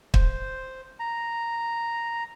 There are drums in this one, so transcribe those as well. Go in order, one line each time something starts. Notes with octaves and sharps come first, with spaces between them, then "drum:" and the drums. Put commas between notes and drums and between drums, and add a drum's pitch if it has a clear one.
C5, drum: kick
A#5